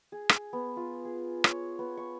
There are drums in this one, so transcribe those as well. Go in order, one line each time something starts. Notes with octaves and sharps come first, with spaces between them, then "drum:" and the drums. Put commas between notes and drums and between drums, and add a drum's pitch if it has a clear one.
G#4
drum: rim click
B3
F4
G#4
C#5, drum: rim click
B3
C#6